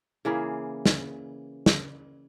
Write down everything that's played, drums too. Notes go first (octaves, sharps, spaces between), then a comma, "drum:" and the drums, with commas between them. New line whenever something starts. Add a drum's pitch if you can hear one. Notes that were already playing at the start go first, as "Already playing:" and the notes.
C#3 E3 A#3 G#4
drum: snare
drum: snare